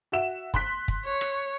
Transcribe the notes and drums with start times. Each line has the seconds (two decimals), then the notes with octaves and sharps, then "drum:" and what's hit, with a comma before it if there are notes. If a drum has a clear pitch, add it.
0.12 F#4 E5 E7
0.54 C6 F#6 B6, drum: kick
0.88 drum: kick
1.05 C#5
1.21 drum: rim click